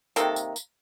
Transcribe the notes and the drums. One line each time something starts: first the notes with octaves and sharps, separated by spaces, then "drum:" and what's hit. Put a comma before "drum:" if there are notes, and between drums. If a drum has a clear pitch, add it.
C3 D#3 A#3 A4, drum: tambourine
drum: tambourine
drum: tambourine